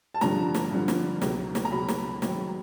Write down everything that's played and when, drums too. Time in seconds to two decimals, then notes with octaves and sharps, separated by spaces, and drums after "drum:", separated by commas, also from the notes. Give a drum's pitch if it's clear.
0.14 A5
0.21 G2 D3 F3 A#5, drum: snare
0.55 drum: snare
0.71 G2 D3 F3
0.88 drum: snare
1.22 C#2 B2 F#3, drum: snare
1.55 drum: snare
1.65 A#5
1.72 C#2 B2 F#3 B5
1.88 drum: snare
2.22 G#2 D#3 F#3, drum: snare